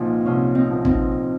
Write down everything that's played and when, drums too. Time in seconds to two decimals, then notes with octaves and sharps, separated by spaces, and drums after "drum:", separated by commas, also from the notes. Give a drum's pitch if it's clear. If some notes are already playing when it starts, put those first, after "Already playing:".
Already playing: C2 A#2 F3 C4 D#4 F4
0.26 C2 C#4 F4
0.55 C4 D#4
0.70 A#2 F3
0.85 C4 D#4, drum: kick G#1